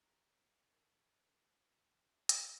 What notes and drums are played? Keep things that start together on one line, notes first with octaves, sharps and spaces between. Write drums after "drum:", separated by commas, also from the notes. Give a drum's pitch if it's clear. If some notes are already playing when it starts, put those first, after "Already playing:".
E4 G4 A#5 C#6
D#4 G4 A4 A#4
A#5 B5 D6 D#6, drum: hi-hat